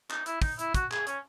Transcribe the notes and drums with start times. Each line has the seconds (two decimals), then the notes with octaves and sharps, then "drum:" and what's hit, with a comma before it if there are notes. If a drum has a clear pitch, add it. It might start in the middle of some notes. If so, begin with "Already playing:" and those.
0.10 D#4, drum: clap
0.26 E4, drum: hi-hat
0.42 D#4, drum: kick, open hi-hat
0.59 E4, drum: hi-hat
0.74 F#4, drum: kick, hi-hat
0.91 G#4, drum: clap
1.07 C#4, drum: hi-hat